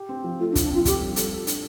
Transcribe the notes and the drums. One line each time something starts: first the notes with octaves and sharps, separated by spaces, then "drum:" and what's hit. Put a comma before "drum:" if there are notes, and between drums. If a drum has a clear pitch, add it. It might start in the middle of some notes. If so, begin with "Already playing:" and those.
Already playing: G4
C4
F3
A3 F4
D4
F3, drum: kick, hi-hat
D4
C4 F4
F4 G4, drum: kick, hi-hat
G3
A4, drum: hi-hat
A4
D4, drum: hi-hat